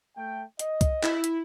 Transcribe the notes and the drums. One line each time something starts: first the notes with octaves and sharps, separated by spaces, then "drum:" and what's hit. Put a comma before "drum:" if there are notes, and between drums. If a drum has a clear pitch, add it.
A3 G5
D#5, drum: hi-hat
drum: kick C2, hi-hat
E4, drum: clap
drum: hi-hat